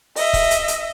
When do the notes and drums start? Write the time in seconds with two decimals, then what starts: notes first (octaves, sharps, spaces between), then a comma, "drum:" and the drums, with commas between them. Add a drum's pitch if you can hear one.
0.16 D#5 E5, drum: open hi-hat
0.33 drum: kick, open hi-hat
0.51 drum: hi-hat
0.68 drum: hi-hat